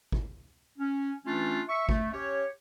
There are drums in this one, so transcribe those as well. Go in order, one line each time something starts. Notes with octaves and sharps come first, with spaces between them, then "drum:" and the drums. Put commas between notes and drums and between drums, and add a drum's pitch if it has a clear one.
drum: kick G#1
C#4
E3 A3 C#4 D4 F4
E5 C#6
A3, drum: kick G#1
C#4 G4 C#5